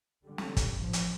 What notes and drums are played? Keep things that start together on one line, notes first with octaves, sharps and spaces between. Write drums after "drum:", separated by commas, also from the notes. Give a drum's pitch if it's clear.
D3 G3
drum: snare
drum: kick, hi-hat
A1 F3
drum: hi-hat